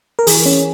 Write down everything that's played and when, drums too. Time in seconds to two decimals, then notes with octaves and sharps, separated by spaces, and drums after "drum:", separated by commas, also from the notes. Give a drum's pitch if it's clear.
0.19 A#4
0.27 E3 G#4, drum: open hi-hat
0.46 C#4